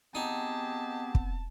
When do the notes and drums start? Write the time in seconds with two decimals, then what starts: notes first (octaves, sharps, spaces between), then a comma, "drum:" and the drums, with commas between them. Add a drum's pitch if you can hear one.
0.15 B3 C4 D#4 G4 G#4 A5
1.15 drum: kick